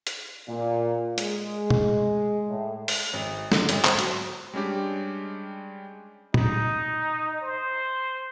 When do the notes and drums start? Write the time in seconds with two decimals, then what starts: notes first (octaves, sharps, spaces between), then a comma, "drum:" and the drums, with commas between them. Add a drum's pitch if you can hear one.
0.07 drum: hi-hat
0.48 A#2
1.18 G#3, drum: hi-hat
1.70 drum: tom
2.49 A2
2.88 drum: open hi-hat
3.13 G#1
3.52 D3, drum: snare
3.69 G#1, drum: hi-hat
3.85 C5, drum: clap
3.99 F#3, drum: hi-hat
4.54 G3 G#3 C#4 D4 G4
6.34 D#4, drum: tom
7.41 C5